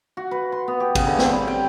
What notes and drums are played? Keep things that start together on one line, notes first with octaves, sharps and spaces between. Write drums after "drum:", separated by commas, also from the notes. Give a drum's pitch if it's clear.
F#4
B4
C6
B3
G4
C#3, drum: kick G#1, cymbal
D3
C4, drum: snare
G3
G5